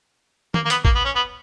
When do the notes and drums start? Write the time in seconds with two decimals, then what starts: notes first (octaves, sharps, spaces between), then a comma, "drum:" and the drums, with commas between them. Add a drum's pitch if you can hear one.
0.54 A#3, drum: tom D#3
0.65 A#3
0.70 B3, drum: hi-hat
0.85 A#3, drum: kick
0.95 B3
1.05 C#4
1.15 B3